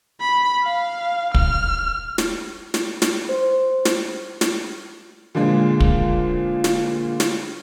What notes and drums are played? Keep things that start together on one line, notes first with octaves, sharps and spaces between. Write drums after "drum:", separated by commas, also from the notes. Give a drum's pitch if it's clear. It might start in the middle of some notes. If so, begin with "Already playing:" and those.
B5
F5
F6, drum: kick
drum: snare
drum: snare
drum: snare
C5
drum: snare
drum: snare
A#2 D3 F3 G#3
drum: kick
drum: snare
drum: snare